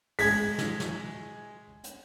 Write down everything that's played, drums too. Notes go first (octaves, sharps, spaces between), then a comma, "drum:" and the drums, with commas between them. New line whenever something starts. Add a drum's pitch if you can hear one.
G#3 G#6 B6, drum: open hi-hat
drum: snare
drum: snare
drum: hi-hat